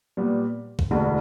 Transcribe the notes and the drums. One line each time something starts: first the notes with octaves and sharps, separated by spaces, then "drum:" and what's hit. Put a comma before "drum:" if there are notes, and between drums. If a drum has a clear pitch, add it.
A#2 G3 B3
drum: kick
E1 D2 D3